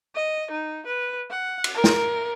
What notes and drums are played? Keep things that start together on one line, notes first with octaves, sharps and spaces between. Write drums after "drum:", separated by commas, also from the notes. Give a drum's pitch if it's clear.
D#5
D#4
B4
F#5
drum: cymbal
A#4
drum: snare